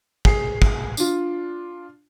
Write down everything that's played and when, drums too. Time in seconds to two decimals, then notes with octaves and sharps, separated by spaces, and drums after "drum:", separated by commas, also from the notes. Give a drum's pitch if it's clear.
0.25 G#4 C7, drum: kick
0.62 drum: kick
0.97 D4 F4, drum: tambourine